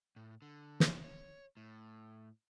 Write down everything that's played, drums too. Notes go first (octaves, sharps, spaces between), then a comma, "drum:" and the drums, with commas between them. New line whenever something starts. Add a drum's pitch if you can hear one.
A2
D3
drum: snare
C#5
A2